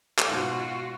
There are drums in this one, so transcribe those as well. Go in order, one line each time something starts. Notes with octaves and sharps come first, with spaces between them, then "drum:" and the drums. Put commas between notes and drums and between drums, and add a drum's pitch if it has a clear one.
drum: clap
G#2 B2 F4 F#4